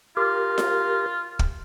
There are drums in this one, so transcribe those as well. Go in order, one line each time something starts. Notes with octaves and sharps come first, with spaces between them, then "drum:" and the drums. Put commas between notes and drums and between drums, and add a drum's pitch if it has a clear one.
F4 G4 A#4
drum: snare F4
drum: kick